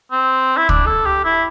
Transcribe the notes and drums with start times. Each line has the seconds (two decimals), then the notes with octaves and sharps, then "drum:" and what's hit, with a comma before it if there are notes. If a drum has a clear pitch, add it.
0.12 C4
0.57 E4
0.69 D4, drum: kick
0.86 A4
1.06 G4
1.24 E4